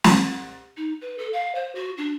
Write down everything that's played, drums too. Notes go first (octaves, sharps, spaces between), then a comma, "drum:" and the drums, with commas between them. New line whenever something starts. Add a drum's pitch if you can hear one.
drum: snare
D#4
B4
A4
F5
C5
F#4
D4